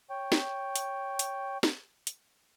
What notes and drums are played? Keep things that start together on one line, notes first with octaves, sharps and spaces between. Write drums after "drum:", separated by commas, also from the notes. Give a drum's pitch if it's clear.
C#5 G5
drum: snare
drum: hi-hat
drum: hi-hat
drum: snare
drum: hi-hat